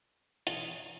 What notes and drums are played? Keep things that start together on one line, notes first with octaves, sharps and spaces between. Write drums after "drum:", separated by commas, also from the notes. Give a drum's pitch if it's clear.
B2 E3 G#5 D#6, drum: hi-hat
C#5 D5 A#5